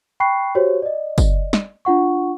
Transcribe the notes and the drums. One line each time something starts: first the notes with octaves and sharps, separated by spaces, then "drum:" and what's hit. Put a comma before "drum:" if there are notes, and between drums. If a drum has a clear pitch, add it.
G5 B5 C#6 F#6 C7
F#4 G4 C5 C#5
D5 D#5
drum: kick, tambourine
drum: snare
D4 F4 F#5 C#6